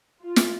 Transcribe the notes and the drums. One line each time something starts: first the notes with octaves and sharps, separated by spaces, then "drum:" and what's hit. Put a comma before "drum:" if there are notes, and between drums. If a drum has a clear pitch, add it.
F4
drum: snare